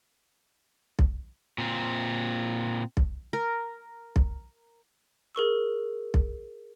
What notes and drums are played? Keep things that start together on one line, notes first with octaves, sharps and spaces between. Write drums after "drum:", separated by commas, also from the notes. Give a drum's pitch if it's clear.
drum: kick B1
A#2 C4
drum: kick B1
A#4
drum: kick B1
G#4 A#4 C#6 E6
drum: kick B1